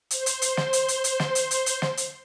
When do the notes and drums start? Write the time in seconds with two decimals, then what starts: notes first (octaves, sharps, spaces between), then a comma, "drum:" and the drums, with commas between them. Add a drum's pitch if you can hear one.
0.11 C5 C6, drum: hi-hat
0.26 drum: hi-hat
0.42 drum: hi-hat
0.57 drum: snare
0.73 drum: hi-hat
0.88 drum: hi-hat
1.04 drum: hi-hat
1.20 drum: snare
1.35 drum: hi-hat
1.51 drum: hi-hat
1.66 drum: hi-hat
1.82 drum: snare
1.97 drum: hi-hat